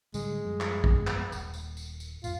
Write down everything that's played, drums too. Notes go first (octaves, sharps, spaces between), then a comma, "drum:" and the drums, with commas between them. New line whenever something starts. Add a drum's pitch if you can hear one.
A2 D3 G3 G#3, drum: tambourine
F#2 F3 G3
drum: clap
drum: kick
drum: clap
D#1, drum: tambourine
drum: tambourine
drum: tambourine
drum: tambourine
F2 G#2 F4, drum: tambourine